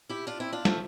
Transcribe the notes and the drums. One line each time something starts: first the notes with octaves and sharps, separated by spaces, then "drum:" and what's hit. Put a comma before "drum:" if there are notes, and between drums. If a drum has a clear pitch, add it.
E4 G4
D4 F4
C4 E4
D4 F4
F3 A3, drum: snare